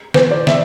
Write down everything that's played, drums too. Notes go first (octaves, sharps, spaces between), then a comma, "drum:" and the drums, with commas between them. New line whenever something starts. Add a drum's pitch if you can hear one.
C5, drum: snare
D5
E5, drum: snare